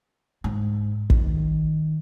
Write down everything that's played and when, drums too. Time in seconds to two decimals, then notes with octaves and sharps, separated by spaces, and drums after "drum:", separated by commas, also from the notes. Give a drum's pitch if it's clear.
0.44 G#2
1.10 D#3, drum: kick